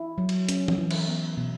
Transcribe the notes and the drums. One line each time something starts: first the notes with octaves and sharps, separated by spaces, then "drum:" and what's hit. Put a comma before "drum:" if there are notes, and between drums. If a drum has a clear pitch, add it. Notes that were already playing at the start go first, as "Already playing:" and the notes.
Already playing: E4
F#3
drum: cymbal
C#4, drum: hi-hat
drum: tom E3
E3
drum: cymbal
B3
B2